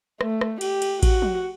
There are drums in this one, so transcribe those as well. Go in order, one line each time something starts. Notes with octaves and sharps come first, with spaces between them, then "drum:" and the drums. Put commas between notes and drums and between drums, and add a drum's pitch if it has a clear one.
A3, drum: rim click
drum: rim click
G4, drum: cymbal
drum: cymbal
F#4, drum: kick A1, cymbal
drum: tom F3